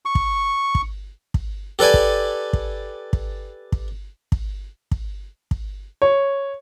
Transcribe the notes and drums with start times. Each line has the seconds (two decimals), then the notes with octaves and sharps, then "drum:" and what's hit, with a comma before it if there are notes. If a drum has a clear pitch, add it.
0.05 C#6
0.15 drum: kick
0.75 drum: kick
1.34 drum: kick
1.79 G4 A4 B4 D5 G#5
1.94 drum: kick
2.53 drum: kick
3.13 drum: kick
3.72 drum: kick
4.32 drum: kick
4.91 drum: kick
5.51 drum: kick
6.02 C#5